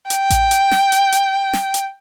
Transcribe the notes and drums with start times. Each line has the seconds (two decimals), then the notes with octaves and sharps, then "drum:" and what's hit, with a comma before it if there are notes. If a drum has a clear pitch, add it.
0.10 G5, drum: hi-hat
0.30 drum: kick A1, hi-hat
0.51 drum: hi-hat
0.71 drum: snare
0.92 drum: hi-hat
1.12 drum: hi-hat
1.53 drum: snare
1.74 drum: hi-hat